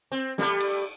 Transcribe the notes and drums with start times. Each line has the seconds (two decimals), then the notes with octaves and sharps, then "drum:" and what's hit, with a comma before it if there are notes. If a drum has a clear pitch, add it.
0.12 C4
0.38 G3 A3, drum: snare
0.61 drum: cymbal